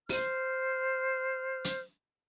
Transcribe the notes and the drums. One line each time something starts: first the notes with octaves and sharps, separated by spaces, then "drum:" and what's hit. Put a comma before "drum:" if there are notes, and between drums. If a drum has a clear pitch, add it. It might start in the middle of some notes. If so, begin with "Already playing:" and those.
C5 F6, drum: open hi-hat
drum: hi-hat